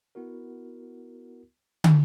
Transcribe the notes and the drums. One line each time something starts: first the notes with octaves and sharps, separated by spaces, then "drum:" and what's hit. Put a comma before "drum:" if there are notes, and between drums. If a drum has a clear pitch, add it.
B3 E4 F#4 A#4
drum: tom